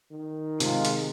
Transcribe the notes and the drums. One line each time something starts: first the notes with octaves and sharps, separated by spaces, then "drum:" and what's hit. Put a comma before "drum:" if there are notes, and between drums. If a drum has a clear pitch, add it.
D#3
C3 G#3 F4, drum: hi-hat
drum: hi-hat